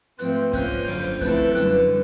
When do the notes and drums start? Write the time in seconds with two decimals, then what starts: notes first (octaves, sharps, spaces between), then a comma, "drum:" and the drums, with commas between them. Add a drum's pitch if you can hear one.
0.19 G#2 F3 A3 C4 B4, drum: hi-hat
0.53 G#2 F3 A#3 C#4 F4 C5, drum: kick, hi-hat
0.88 F#2 D3 F#3 C5, drum: open hi-hat
1.21 F3 A3 C4 E4 A4 B4, drum: kick, hi-hat
1.55 F#2 D3 G3 B4, drum: hi-hat